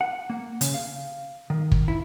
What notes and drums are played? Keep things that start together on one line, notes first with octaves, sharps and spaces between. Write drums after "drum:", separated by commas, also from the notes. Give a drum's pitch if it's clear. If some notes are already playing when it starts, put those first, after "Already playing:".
F#5
A#3
C#3, drum: hi-hat
F5
D#3
drum: kick
E4